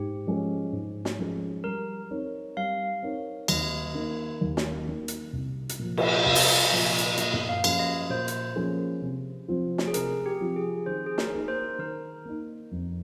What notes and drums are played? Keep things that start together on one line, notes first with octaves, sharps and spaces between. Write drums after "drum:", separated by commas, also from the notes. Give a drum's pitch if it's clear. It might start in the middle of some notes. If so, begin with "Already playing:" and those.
Already playing: G#2 G4
F3 G#3 C#4 G#4
G#2
drum: snare
F3 G#3 C#4 G#4
G3 A#4
C4 D#4 A#4 C#5
G3 F5
C4 D#4 A#4 C#5
D#2 D#5, drum: cymbal
D#3 A#3
D#2
drum: snare
D#3 A#3
drum: hi-hat
C2
drum: hi-hat
A#2 F3
drum: cymbal
C2 F5
drum: open hi-hat
A#2 F3
drum: hi-hat
A#2 D#5, drum: hi-hat
drum: tom
F5
F3 A#3 C#4 G#4, drum: cymbal
D#5
A#2 C5
drum: hi-hat
F3 A#3 C#4 G#4
C3
F3 C4 F4
drum: snare
G#4
C3 A#4, drum: hi-hat
G4
F3 C4 F4
G#4
D#3 C5
G#4
A#4, drum: snare
A#3 D#4
A#4
C5
D#3 A#4
A#3 D#4
F2